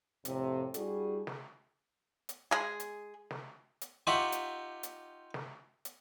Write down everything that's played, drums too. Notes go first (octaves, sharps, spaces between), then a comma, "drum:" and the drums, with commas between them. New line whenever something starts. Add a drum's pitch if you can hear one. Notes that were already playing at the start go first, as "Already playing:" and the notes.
F2 A2 C3, drum: hi-hat
G3 D4 E4 F#4 G#4, drum: hi-hat
drum: snare
drum: hi-hat
G#3 G#4
drum: hi-hat
drum: snare
drum: hi-hat
D#4 F4 G4 E5 F#5 C#6
drum: hi-hat
drum: hi-hat
drum: snare
drum: hi-hat